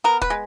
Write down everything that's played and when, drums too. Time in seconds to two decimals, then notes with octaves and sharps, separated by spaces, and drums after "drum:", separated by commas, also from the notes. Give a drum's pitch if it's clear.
0.04 B3 A#4
0.22 B4, drum: kick
0.30 G#3